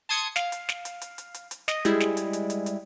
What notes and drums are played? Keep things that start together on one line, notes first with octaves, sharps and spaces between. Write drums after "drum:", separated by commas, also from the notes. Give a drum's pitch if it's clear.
A5 C6 D#6 G#6 C#7
F5, drum: snare
drum: hi-hat
drum: snare
drum: hi-hat
drum: hi-hat
drum: hi-hat
drum: hi-hat
drum: hi-hat
D#5, drum: snare
G3 G#3 E4 G#4, drum: hi-hat
drum: snare
drum: hi-hat
drum: hi-hat
drum: hi-hat
drum: hi-hat